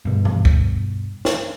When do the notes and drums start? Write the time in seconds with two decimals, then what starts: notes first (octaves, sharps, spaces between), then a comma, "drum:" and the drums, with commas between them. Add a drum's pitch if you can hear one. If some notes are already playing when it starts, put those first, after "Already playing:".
0.05 G2 B2
0.25 drum: tom G#2
0.45 drum: kick
1.25 drum: snare